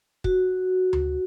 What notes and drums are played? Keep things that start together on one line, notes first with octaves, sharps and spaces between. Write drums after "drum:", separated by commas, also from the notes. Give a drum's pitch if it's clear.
F#4, drum: kick
drum: tom D2